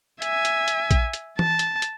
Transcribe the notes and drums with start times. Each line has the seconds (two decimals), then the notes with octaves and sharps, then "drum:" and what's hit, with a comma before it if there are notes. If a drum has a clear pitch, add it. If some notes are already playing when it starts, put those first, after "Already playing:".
0.22 E5 G#5, drum: hi-hat
0.45 drum: hi-hat
0.68 drum: hi-hat
0.91 drum: kick A#1, hi-hat
1.13 drum: hi-hat
1.39 A5, drum: tom E3
1.59 drum: hi-hat
1.82 drum: hi-hat